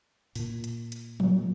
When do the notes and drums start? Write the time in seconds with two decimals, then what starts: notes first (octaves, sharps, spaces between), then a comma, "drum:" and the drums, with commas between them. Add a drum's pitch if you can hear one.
0.35 A#2, drum: open hi-hat
0.64 drum: hi-hat
0.92 drum: hi-hat
1.20 A#2 F#3, drum: tom F3